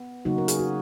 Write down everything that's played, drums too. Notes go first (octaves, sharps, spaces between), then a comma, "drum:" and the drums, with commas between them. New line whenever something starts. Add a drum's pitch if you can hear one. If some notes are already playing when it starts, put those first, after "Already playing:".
Already playing: B3
C#3 F#3 A#3 D#4 F#4
A#4
G#4, drum: hi-hat
F#4